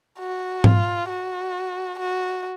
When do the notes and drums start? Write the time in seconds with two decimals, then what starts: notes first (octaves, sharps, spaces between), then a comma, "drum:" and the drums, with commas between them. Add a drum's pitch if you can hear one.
0.19 F#4
0.64 F4, drum: tom G#2
1.09 F#4
1.99 F#4